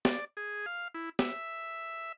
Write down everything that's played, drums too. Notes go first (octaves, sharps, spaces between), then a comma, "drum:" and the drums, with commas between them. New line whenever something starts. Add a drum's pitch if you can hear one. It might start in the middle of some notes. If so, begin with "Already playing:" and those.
D5, drum: snare
G#4
F5
E4
E5, drum: snare